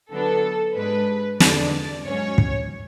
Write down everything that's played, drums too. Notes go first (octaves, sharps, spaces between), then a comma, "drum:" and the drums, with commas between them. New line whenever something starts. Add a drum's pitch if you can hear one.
D3 F#3 B3 D4 A4
G#2 G#3 D4 B4
E2 D3 G#3 D4 D5, drum: snare
G#2 F#3 C#4 C#5
drum: kick